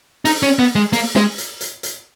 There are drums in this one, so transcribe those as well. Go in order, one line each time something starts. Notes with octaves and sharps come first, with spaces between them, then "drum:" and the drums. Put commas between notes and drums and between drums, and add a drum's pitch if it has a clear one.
D#4, drum: open hi-hat
C#4
B3
G#3
A#3, drum: open hi-hat
G#3, drum: snare
drum: hi-hat
drum: hi-hat
drum: hi-hat